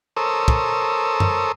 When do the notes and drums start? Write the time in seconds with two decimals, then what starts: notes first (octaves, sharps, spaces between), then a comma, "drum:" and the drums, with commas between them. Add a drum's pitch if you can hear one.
0.17 A4 A#4 C5 C#5 D#6 E6
0.48 drum: kick
1.20 drum: tom F#2